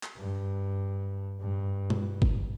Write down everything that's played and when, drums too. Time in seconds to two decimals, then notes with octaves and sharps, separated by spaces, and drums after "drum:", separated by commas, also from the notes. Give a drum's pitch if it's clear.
0.03 drum: clap
0.17 G2
1.40 G2
1.90 drum: tom
2.22 drum: kick